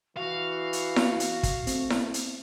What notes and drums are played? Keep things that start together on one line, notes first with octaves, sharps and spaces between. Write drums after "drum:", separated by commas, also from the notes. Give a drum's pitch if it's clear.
E3 F#4 F5
drum: hi-hat
drum: snare E4
drum: hi-hat
drum: kick, hi-hat
A3 C4, drum: hi-hat
drum: snare E4
drum: hi-hat